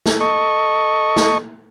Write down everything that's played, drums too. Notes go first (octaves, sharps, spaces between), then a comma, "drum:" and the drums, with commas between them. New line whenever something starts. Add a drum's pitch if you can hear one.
drum: snare
A4 D#5 C#6
drum: snare